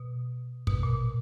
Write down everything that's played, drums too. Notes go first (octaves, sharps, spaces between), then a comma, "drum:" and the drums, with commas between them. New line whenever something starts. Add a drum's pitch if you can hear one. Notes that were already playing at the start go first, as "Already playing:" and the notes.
Already playing: B2
B2, drum: kick
A#2